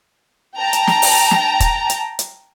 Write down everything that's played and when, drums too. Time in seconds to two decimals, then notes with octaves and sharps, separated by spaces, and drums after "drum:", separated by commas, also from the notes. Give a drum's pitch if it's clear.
0.58 G5 A5 A#5
0.73 drum: hi-hat
0.87 drum: snare
1.02 drum: open hi-hat
1.31 drum: snare
1.60 drum: kick, hi-hat
1.90 drum: hi-hat
2.19 drum: hi-hat